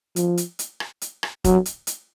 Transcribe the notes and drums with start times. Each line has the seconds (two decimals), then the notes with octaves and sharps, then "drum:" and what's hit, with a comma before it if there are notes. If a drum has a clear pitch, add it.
0.16 F3, drum: hi-hat
0.37 drum: hi-hat
0.59 drum: hi-hat
0.80 drum: rim click
1.01 drum: hi-hat
1.23 drum: rim click
1.44 F#3, drum: kick F1, hi-hat
1.66 drum: hi-hat
1.87 drum: hi-hat